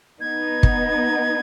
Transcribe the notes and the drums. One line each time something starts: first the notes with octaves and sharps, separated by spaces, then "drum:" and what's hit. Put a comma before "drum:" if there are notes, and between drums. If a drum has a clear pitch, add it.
B3 D#4 G#6
drum: kick